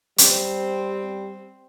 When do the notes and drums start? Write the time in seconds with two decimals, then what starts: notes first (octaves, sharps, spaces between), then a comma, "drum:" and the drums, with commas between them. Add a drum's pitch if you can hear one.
0.18 G3 C4 C5, drum: hi-hat